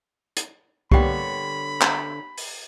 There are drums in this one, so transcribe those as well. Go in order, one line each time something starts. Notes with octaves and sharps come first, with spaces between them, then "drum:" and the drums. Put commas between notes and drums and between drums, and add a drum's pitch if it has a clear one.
drum: hi-hat
D3 G3 A#3 B3 G4 C#5 G5 B5, drum: kick C2
drum: clap
drum: open hi-hat